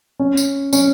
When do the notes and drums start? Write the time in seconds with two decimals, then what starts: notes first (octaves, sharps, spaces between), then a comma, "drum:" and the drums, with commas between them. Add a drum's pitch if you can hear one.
0.19 C#4
0.37 drum: tambourine
0.73 C#4, drum: tambourine